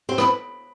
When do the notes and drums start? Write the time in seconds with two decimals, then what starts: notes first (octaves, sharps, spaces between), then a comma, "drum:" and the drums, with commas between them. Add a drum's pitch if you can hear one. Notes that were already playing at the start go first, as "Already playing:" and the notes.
0.09 C4 C5
0.18 B4, drum: rim click